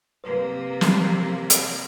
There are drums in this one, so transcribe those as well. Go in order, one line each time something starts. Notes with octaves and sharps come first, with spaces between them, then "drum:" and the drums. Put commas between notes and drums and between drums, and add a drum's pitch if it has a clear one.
C3 A#3 B4
drum: snare
drum: hi-hat